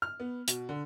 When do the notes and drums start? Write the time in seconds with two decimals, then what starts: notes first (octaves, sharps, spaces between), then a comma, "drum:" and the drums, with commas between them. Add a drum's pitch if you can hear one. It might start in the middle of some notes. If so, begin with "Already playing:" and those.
0.02 F6
0.20 B3
0.48 B2, drum: hi-hat
0.69 D3